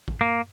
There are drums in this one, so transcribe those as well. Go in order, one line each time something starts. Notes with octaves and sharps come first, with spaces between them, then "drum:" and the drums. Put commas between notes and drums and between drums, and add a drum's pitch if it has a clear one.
drum: kick
A#3